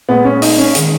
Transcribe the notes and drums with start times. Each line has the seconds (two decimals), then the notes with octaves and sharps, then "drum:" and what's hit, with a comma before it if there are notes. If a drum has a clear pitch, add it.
0.09 A#2 G#3 B3
0.25 C#4
0.42 D#4, drum: open hi-hat
0.58 C#4
0.75 D#3 G#3, drum: hi-hat